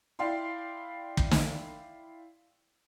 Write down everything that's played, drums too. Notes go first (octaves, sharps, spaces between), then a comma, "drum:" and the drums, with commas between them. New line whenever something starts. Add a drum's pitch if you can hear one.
E4 D5 F5 G5 C6
drum: kick
drum: snare